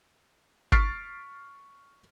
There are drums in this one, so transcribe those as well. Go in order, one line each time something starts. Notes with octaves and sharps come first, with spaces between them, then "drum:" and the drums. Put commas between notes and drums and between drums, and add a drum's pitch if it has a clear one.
C#6 F6 A6 B6 C7 D7, drum: kick G#1